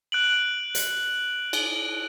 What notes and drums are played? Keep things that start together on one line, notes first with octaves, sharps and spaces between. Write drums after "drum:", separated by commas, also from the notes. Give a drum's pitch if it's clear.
F#6 D7 F#7
drum: hi-hat
drum: cymbal